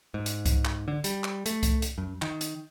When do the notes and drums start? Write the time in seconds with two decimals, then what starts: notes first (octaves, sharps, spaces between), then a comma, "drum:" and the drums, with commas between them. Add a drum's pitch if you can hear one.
0.14 G#2
0.26 drum: hi-hat
0.46 drum: kick C2, hi-hat
0.65 drum: clap
0.88 D3
1.04 G3, drum: hi-hat
1.24 drum: clap
1.46 A3, drum: hi-hat
1.63 drum: kick C2, hi-hat
1.82 drum: hi-hat
1.98 F#2
2.22 D#3, drum: clap
2.41 drum: hi-hat